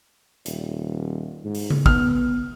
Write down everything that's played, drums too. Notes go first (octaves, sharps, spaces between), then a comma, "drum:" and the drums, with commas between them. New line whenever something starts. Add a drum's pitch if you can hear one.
D#1, drum: hi-hat
G#2
drum: open hi-hat
drum: tom C#3
B3 F6, drum: kick G#1